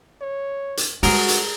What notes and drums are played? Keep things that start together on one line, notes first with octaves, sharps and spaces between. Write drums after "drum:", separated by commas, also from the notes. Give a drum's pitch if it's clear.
C#5
drum: hi-hat
G3 G#3 F#4 G#4 A#4, drum: open hi-hat
drum: hi-hat